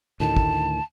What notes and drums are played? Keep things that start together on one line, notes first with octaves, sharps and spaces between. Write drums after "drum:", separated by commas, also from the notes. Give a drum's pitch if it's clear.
D2 A2 D#3 A5
drum: kick